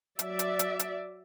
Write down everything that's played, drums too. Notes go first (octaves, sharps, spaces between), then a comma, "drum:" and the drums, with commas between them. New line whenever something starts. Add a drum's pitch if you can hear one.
F#3 D5 E5, drum: hi-hat
drum: hi-hat
drum: hi-hat
drum: hi-hat